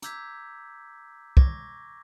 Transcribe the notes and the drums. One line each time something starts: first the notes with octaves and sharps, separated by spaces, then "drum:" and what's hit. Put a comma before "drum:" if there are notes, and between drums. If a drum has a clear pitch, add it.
A#5 D6 E6 G6 G#6 B6, drum: hi-hat
C#6 D6 G#6 A#6, drum: kick